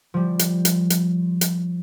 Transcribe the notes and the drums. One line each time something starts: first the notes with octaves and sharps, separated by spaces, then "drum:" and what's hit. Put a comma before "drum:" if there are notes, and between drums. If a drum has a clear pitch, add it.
F3 G3
drum: hi-hat
drum: hi-hat
drum: hi-hat
drum: hi-hat